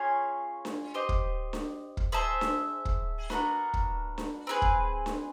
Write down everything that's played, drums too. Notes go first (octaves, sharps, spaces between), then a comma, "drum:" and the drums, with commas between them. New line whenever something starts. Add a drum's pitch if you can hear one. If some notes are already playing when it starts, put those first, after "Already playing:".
Already playing: C#4 F4 G#4 C#5
drum: snare D4
G4 C5 D#5
drum: kick
drum: snare D4
drum: kick
G#4 C5 E5 A5
drum: snare D4
drum: kick
B3 D4 F#4 A#4, drum: snare D4
drum: kick
drum: snare D4
C4 D#4 G#4 B4
drum: kick
drum: snare D4